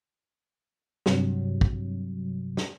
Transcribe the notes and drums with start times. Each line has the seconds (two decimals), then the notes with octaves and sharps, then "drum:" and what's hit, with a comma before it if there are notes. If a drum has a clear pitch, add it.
1.06 G2 C3 F#3, drum: snare
1.61 drum: kick
2.57 drum: snare